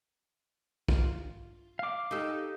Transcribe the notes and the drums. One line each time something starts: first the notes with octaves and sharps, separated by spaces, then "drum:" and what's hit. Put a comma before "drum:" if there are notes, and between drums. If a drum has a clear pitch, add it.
F4, drum: kick
F5 D6
D#4 G4 A4